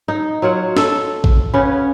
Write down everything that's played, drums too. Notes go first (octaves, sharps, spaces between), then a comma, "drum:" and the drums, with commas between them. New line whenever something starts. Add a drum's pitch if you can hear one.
D#4
F#3 F4 C#5 F#5
A4, drum: snare D4
drum: kick
C#3 B3 C#4 F#5